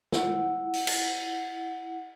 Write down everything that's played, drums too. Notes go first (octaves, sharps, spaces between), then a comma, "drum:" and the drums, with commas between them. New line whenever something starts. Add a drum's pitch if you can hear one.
E4 F#5, drum: snare
drum: open hi-hat
drum: cymbal